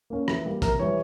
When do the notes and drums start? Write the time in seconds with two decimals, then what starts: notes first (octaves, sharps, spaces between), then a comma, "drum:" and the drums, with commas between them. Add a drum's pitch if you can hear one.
0.10 A#3 C#4
0.28 E3, drum: rim click
0.45 G3 A#3
0.62 C3 A#4, drum: kick, hi-hat
0.79 E3 G3 C#5